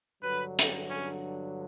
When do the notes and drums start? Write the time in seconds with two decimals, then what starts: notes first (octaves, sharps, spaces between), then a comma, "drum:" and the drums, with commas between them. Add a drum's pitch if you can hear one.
0.23 G2 D3 F#3 B4
0.59 drum: hi-hat
0.90 C#4